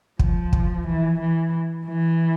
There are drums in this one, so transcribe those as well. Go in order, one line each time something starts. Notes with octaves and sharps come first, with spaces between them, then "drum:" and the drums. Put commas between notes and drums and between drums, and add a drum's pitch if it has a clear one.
F3, drum: kick
drum: kick
E3
E3
E3